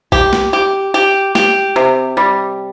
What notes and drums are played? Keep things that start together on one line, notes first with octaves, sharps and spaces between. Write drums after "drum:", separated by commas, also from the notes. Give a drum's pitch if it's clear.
G4, drum: kick A#1
drum: snare
G4
G4
G4, drum: snare
C3
G3